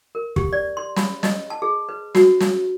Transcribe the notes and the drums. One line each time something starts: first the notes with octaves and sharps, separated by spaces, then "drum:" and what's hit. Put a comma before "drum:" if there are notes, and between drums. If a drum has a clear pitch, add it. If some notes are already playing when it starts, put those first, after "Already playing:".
A#4
G4, drum: kick
D5
C6
B5, drum: snare
D#5, drum: snare
A5
G#4
B4
F#4, drum: snare
drum: snare